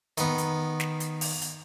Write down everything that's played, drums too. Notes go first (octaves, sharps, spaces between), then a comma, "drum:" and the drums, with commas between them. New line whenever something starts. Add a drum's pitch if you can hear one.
D#3 B3, drum: hi-hat
drum: hi-hat
drum: snare
drum: hi-hat
drum: open hi-hat
drum: hi-hat